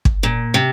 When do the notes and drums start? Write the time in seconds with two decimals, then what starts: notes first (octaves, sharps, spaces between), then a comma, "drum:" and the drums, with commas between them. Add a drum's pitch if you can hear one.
0.05 drum: kick
0.23 A#2
0.54 C3